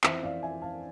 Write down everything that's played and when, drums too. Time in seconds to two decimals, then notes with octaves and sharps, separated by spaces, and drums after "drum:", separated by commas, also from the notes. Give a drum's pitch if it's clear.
0.04 F2 E3 C5 E5, drum: clap
0.23 D5 F5
0.43 E5 G#5
0.62 F5 A5